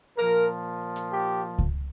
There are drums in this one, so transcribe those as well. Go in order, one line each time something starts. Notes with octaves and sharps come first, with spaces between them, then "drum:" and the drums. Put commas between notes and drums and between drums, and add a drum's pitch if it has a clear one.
A#2 F3 A#4
drum: hi-hat
G4
drum: kick C#2